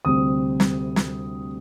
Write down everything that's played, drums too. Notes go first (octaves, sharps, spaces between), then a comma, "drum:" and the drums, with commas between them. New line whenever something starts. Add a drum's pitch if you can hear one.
D2 C3 G3 C4 D#6
drum: snare
drum: snare